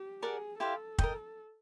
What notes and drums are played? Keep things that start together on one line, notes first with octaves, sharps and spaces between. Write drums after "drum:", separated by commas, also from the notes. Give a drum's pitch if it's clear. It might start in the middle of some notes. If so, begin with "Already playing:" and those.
Already playing: G4
G#4 A#4 D5 F#5 A5
E4 G4 A4 C5 F5
A#4 D#5 G5, drum: kick